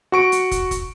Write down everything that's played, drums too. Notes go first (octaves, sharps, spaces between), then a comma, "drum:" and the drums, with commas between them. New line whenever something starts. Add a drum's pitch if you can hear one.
F#4 C#6 D7
drum: hi-hat
drum: kick, hi-hat
drum: kick, hi-hat